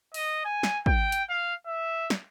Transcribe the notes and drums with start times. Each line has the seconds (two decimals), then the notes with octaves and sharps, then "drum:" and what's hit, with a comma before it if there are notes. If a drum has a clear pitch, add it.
0.14 D#5, drum: open hi-hat
0.45 G#5
0.63 drum: snare
0.86 G5, drum: kick
1.12 drum: hi-hat
1.29 F5
1.67 E5
2.10 drum: snare